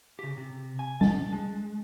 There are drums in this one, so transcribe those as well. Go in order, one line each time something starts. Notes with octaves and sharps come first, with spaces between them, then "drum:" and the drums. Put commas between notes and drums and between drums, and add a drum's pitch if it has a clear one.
C#3 G4
C3
G#5
A5, drum: tom G3
G#3